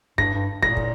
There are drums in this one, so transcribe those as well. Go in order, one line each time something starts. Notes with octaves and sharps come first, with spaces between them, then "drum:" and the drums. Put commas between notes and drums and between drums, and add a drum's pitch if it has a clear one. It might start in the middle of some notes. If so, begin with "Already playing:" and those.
G2 A#6, drum: kick
G2
A#2 A#6, drum: kick
drum: kick